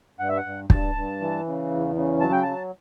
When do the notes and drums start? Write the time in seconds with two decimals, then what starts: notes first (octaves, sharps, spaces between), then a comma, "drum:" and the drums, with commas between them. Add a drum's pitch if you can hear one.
0.19 G2 F#5
0.29 E5
0.37 F#5
0.44 G2
0.70 G2 A5, drum: kick
0.95 G2
1.21 E3
1.46 C#3
1.71 E2
1.95 C#3
2.21 F#3 A5
2.32 G5
2.42 F#3 A5